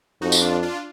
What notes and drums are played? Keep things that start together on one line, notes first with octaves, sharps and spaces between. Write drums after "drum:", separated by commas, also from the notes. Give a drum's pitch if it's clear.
F2 D#4 F#4
drum: tambourine
D4 F4
D4 F4